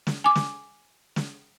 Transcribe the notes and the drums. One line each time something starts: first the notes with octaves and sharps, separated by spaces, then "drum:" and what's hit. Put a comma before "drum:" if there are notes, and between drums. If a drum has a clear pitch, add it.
drum: snare
G#5 D6
drum: snare
drum: snare